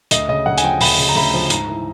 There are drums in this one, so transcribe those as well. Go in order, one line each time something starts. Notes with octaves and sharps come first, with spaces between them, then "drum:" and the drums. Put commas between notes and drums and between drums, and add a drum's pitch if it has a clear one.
D2 D#5, drum: hi-hat
C#3 D#5
D2 F#5
G#5, drum: hi-hat
F3 G5
D2 B5, drum: open hi-hat
C#3
A#5
D2 B5
F3
G#2 A#5, drum: hi-hat
E3